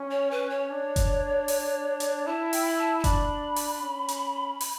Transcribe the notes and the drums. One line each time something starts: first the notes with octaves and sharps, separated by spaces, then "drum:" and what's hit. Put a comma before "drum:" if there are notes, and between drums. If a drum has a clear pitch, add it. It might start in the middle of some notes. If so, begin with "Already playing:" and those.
Already playing: C#4
C#5
B4
C#5
D4
drum: kick F#1, hi-hat
drum: open hi-hat
drum: hi-hat
E4 A5
G5, drum: open hi-hat
B5
A5
A5
D4 B5, drum: kick F#1, hi-hat
drum: open hi-hat
C#4
drum: hi-hat
drum: open hi-hat